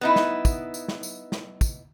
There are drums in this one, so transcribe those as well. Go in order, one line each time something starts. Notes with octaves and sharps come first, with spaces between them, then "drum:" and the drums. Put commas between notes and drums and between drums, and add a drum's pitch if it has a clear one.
B3 D#4 E4
drum: snare
drum: kick, tambourine
drum: tambourine
drum: snare
drum: tambourine
drum: snare
drum: kick, tambourine